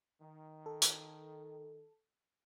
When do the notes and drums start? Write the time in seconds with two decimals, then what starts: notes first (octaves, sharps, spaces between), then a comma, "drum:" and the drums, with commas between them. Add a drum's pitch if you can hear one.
0.20 D#3
0.66 A4
0.82 drum: hi-hat